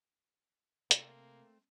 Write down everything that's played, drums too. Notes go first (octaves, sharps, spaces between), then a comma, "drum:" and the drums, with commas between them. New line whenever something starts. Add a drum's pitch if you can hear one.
C3 A3 A#3 C4, drum: hi-hat